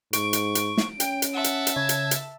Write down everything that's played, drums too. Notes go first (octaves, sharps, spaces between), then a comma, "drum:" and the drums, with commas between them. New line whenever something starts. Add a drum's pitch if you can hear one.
G#2 C#6 D7, drum: hi-hat
drum: hi-hat
drum: hi-hat
drum: snare
C#4 G5, drum: hi-hat
drum: hi-hat
E5 F#5 A5
drum: hi-hat
drum: hi-hat
C#3 G#6
drum: hi-hat
drum: hi-hat